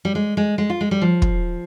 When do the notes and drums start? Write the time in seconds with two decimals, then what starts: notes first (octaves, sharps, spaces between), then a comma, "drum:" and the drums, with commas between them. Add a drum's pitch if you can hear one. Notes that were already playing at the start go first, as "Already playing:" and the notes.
0.05 G3
0.15 G#3
0.37 G#3
0.58 G#3
0.70 F4
0.81 G#3
0.91 G3
1.02 F3
1.22 drum: kick